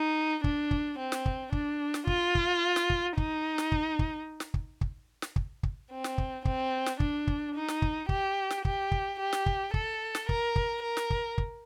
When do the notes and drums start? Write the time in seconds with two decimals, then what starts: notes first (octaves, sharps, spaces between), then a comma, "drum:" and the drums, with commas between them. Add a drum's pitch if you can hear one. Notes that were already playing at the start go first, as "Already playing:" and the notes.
Already playing: D#4
0.44 D4, drum: kick
0.71 drum: kick
0.99 C4
1.12 drum: snare
1.26 drum: kick
1.52 D4, drum: kick
1.94 drum: snare
2.07 F4, drum: kick
2.35 drum: kick
2.76 drum: snare
2.90 drum: kick
3.17 D#4, drum: kick
3.58 drum: snare
3.72 drum: kick
3.99 drum: kick
4.40 drum: snare
4.54 drum: kick
4.81 drum: kick
5.22 drum: snare
5.36 drum: kick
5.63 drum: kick
5.91 C4
6.04 drum: snare
6.18 drum: kick
6.45 C4, drum: kick
6.86 drum: snare
7.00 D4, drum: kick
7.27 drum: kick
7.55 D#4
7.68 drum: snare
7.82 drum: kick
8.09 G4, drum: kick
8.50 drum: snare
8.65 G4, drum: kick
8.92 drum: kick
9.19 G4
9.33 drum: snare
9.46 drum: kick
9.74 A4, drum: kick
10.15 drum: snare
10.29 A#4, drum: kick
10.56 drum: kick
10.82 A#4
10.97 drum: snare
11.10 drum: kick
11.38 drum: kick